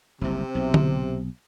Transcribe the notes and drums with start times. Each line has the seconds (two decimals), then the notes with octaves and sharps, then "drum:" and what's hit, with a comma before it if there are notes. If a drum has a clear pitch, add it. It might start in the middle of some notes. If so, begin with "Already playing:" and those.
0.21 F#1 C2 C3
0.55 B1
0.74 drum: tom D3